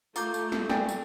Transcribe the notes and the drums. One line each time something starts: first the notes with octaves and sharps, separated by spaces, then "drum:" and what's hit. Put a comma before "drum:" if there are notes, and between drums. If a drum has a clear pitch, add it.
A3 F4 A#5 D6 G6, drum: tambourine
drum: tambourine
drum: snare
D5 G5 G#5, drum: snare
drum: tambourine